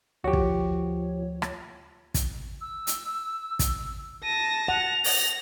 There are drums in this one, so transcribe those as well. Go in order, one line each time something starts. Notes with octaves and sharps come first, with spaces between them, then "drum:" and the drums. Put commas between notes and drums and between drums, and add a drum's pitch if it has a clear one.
D2 F3 F#4 G4 C#5
drum: kick
drum: rim click
drum: kick, hi-hat
E6
drum: hi-hat
drum: kick, hi-hat
A5 A#6 D#7
F#5 F7
A#6, drum: open hi-hat